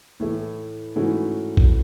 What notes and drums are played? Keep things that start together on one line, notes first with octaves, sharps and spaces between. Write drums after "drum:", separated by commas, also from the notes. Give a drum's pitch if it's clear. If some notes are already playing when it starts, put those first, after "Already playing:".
A2 E3 A3
G#2 E3 A3 C#4 F#4
drum: kick